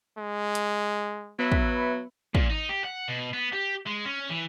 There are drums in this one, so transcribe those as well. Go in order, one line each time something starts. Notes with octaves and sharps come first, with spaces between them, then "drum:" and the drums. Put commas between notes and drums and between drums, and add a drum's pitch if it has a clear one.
G#3
drum: hi-hat
F#3 B3 B4 E5 B5
drum: kick
A#2, drum: kick
D#4
G4
F#5
B2
B3
G4
G#3
C#4
E3